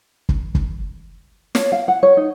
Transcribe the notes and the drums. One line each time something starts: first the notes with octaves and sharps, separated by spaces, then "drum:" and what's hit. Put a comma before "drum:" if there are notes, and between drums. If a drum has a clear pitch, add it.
drum: kick
drum: kick
C#5, drum: snare
F5
F#5
C#5
D#4